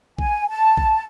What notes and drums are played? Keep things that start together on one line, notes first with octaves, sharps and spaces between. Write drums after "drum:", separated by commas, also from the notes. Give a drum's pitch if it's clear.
G#5, drum: kick A#1
A5
drum: kick A#1